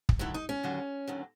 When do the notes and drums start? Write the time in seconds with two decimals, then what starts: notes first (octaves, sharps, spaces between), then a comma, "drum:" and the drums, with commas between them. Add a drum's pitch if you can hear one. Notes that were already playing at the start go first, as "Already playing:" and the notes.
0.09 drum: kick
0.19 D#2 D3 F#3 E4
0.34 D#4
0.49 C#4
0.63 D#2 D3 F#3
1.08 D#2 D3 F#3